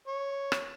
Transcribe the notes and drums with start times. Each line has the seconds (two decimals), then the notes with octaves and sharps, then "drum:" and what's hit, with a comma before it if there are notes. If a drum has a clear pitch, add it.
0.07 C#5
0.52 drum: rim click